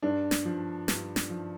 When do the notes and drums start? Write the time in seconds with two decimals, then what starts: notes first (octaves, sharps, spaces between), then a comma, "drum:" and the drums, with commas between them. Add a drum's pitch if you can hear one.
0.02 G2 D4
0.31 drum: snare
0.45 F3
0.88 G2, drum: snare
1.16 drum: snare
1.30 F3